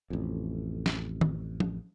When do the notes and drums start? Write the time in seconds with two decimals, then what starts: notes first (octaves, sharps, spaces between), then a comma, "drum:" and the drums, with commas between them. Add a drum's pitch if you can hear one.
0.10 A1 F2
0.86 drum: snare
1.21 drum: tom
1.60 drum: tom F3